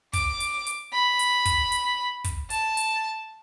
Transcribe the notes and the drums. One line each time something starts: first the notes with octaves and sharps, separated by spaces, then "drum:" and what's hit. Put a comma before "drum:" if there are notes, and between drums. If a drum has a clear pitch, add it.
D6, drum: kick, hi-hat
drum: hi-hat
drum: hi-hat
B5
drum: hi-hat
drum: kick, hi-hat
drum: hi-hat
drum: kick, hi-hat
A5, drum: hi-hat
drum: hi-hat